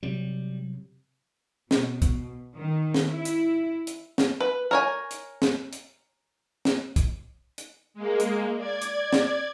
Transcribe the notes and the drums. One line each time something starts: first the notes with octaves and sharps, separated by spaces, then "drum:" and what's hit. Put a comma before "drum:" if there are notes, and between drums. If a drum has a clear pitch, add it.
C3 F#3 G3
B2, drum: snare
drum: kick, hi-hat
D#3
drum: snare
E4
drum: hi-hat
drum: hi-hat
drum: snare
B4
A#4 C#5 G#5
drum: hi-hat
drum: snare
drum: hi-hat
drum: snare
drum: kick, hi-hat
drum: hi-hat
G#3 A#3
drum: hi-hat
D5 G#6
drum: hi-hat
drum: snare